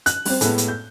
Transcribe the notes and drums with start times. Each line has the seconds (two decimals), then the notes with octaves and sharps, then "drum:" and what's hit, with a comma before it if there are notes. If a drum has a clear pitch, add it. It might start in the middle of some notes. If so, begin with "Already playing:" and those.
0.06 F#6, drum: hi-hat
0.25 G3 C4, drum: open hi-hat
0.41 A2 G#3 A3 B3, drum: hi-hat
0.58 drum: hi-hat
0.68 G6